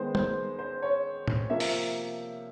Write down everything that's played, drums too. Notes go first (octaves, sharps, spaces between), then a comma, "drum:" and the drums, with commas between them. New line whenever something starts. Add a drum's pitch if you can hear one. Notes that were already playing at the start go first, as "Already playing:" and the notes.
Already playing: D#3 G#3 B3 C5
C5, drum: tom
C5
C#5
drum: tom
C3 F3 A#3 E5
drum: open hi-hat